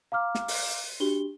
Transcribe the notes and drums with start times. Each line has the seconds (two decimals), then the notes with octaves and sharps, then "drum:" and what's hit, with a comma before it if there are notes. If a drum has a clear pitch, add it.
0.12 F5 A#5 D6 F6
0.35 drum: snare
0.48 drum: open hi-hat
1.00 D4 F#4 G4 G7